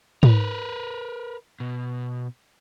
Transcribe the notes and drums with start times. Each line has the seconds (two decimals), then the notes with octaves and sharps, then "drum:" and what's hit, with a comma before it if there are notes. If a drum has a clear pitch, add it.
0.23 A#4 B4, drum: tom G#2
1.60 B2